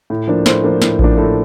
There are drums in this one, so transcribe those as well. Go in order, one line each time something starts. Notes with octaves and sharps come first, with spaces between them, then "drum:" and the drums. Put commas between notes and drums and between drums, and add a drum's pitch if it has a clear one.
A2
F3 A#3 D4
A2 C5, drum: snare
F3 A#3 D4
A2, drum: snare
F3 A#3 D4, drum: kick A1
A2 A4